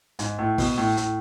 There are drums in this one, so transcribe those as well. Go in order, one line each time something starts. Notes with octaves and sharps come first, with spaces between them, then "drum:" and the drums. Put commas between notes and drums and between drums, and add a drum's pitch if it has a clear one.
G#2, drum: hi-hat
A2
B2, drum: kick, open hi-hat
A2
A2, drum: hi-hat